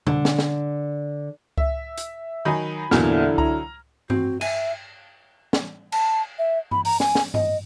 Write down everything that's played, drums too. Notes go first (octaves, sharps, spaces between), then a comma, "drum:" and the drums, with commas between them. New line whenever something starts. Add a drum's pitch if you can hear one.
D3, drum: tom B2
drum: snare
drum: snare
E5, drum: kick C#2
drum: hi-hat
D#3 F#3 D#4 G#5 B5
E2 A#2 D3 E3 F#3 E4 F6, drum: snare
A#5, drum: kick C#2
C4 F#4, drum: tom G2
E5 G#5, drum: cymbal
drum: snare
A5, drum: cymbal
E5
B5, drum: tom G2
A#5, drum: open hi-hat
G#5, drum: snare
drum: snare
D#5, drum: tom G2